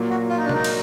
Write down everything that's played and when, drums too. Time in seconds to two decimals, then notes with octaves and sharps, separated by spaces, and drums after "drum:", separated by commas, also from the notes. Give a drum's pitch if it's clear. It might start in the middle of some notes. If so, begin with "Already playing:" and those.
Already playing: A#2 F#3 A#3
0.10 F#4
0.29 F4
0.37 D#4
0.45 D4
0.49 A#2 F#3 A#3 D#4, drum: tom C3
0.64 drum: cymbal